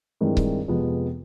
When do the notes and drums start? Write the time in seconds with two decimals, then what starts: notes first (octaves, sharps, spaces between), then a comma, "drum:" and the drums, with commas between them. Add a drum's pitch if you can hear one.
0.21 G2 D#3 G#3 C4 E4
0.37 drum: kick C#1
0.68 F2 C3 F3 G#3 B3